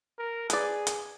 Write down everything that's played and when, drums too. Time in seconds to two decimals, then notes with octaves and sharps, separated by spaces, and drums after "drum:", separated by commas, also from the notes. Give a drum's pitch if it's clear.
0.19 A#4
0.50 G#4 B4 D5, drum: hi-hat
0.87 drum: hi-hat